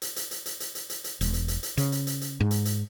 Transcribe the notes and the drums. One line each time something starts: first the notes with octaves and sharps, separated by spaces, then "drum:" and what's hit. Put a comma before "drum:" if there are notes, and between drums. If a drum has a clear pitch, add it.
drum: hi-hat
drum: hi-hat
drum: hi-hat
drum: hi-hat
drum: hi-hat
drum: hi-hat
drum: hi-hat
drum: hi-hat
E1, drum: hi-hat
drum: hi-hat
drum: hi-hat
drum: hi-hat
C#3, drum: hi-hat
drum: hi-hat
drum: hi-hat
drum: hi-hat
G#2
drum: hi-hat
drum: hi-hat